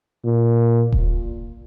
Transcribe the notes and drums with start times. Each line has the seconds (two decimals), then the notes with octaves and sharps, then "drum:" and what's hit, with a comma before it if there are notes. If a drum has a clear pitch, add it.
0.25 A#2
0.92 drum: kick D#1